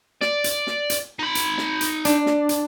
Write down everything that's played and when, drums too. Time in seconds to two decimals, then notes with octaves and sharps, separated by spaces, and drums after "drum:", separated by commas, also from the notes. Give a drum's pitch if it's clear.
0.21 D5, drum: snare
0.44 drum: hi-hat
0.67 drum: snare
0.90 drum: hi-hat
1.19 D#4 B5
1.35 drum: hi-hat
1.58 drum: snare
1.81 drum: hi-hat
2.05 D4, drum: hi-hat
2.26 drum: snare
2.49 drum: hi-hat